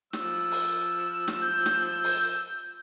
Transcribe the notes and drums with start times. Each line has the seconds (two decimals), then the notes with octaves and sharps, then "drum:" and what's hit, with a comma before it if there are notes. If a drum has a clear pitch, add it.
0.13 F3 E6, drum: snare
0.51 drum: open hi-hat
1.28 drum: snare
1.41 G6
1.66 drum: snare
2.04 drum: open hi-hat